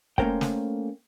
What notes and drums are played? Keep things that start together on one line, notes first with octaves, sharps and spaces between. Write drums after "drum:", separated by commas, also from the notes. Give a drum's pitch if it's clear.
A3 A#3 C#4 A#4 C5 G5, drum: kick
drum: snare